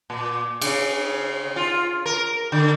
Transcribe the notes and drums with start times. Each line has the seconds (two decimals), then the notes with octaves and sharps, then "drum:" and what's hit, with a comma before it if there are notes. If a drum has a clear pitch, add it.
0.10 A#2
0.61 C#3, drum: cymbal
1.56 F4
2.06 A#4
2.52 D3